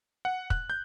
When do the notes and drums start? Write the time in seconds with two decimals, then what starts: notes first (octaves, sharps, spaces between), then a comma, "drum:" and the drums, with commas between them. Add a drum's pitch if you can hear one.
0.25 F#5
0.50 F#6, drum: kick
0.70 G6